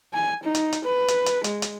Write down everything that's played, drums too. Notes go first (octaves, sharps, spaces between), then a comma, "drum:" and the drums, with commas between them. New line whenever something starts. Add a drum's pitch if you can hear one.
G#5
D#4
drum: hi-hat
drum: hi-hat
B4
drum: hi-hat
drum: hi-hat
G#3, drum: hi-hat
drum: hi-hat